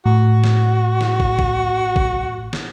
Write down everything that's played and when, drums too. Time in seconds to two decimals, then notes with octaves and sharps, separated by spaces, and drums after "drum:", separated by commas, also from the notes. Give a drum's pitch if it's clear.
0.05 A2 F#4
0.44 drum: snare
1.01 drum: snare
1.20 drum: kick
1.39 drum: kick
1.96 drum: kick
2.53 drum: snare